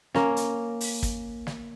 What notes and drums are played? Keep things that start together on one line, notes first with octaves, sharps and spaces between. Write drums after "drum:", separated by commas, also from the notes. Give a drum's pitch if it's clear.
A#3 C#4, drum: snare
drum: hi-hat
drum: open hi-hat
drum: kick, hi-hat
drum: snare